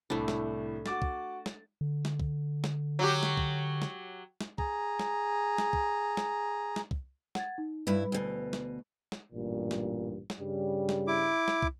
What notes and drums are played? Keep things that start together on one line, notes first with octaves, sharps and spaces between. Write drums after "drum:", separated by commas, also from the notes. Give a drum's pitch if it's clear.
C2 A2 A3 D4
drum: snare
F#4 D6 A6, drum: snare
drum: kick
drum: snare
D3
drum: snare
drum: kick
drum: snare
F#3 F#4 G4
drum: snare
drum: kick
drum: snare
drum: snare
G#4 A#5, drum: kick
drum: snare
drum: snare
drum: kick
drum: snare
drum: snare
drum: kick
F#5 G#6 A6, drum: snare
D#4
G2 E4 B4
D2 B2
drum: snare
drum: snare
A1 G2 A#2
drum: snare
drum: snare
G2 C#3 G3
drum: snare
E4 D6
drum: snare
drum: kick